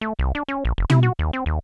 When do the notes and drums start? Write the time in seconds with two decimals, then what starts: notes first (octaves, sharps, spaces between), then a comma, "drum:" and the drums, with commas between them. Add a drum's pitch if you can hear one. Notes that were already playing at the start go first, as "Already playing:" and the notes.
0.01 A3
0.19 C2
0.35 D4
0.48 C#4
0.65 A#1
0.78 F#1
0.90 E4, drum: tom
1.03 F#4
1.19 D#2
1.33 C4
1.46 D#2